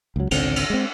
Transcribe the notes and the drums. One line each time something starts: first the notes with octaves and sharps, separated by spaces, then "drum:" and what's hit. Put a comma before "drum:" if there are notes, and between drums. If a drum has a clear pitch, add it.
C#2 F#3
G#1 C#2 D3 C4, drum: cymbal
drum: cymbal
G#3 C4